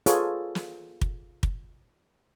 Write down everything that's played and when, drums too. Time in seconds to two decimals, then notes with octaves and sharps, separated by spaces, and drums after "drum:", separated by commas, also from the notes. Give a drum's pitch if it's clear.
0.06 F4 G#4 A4 B4 C#5, drum: hi-hat
0.55 drum: snare
1.01 drum: kick
1.43 drum: kick